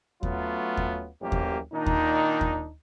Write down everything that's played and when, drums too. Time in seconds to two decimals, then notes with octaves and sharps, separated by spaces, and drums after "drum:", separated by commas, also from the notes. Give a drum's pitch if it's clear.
0.23 F#3 A3 B3 C#4 F4, drum: kick D#2
0.77 drum: kick D#2
1.22 A1 F#2 F3 A#3 C#4 G4
1.32 drum: kick D#2
1.74 A#2 D#3 D4 D#4
1.86 drum: kick D#2
2.41 drum: kick D#2